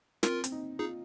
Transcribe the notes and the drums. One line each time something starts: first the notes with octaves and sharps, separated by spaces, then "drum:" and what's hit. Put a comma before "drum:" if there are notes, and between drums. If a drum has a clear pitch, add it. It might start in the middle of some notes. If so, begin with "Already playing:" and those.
C4 F4 A#4, drum: snare
C4, drum: hi-hat
D#4
D#4 F4 G#4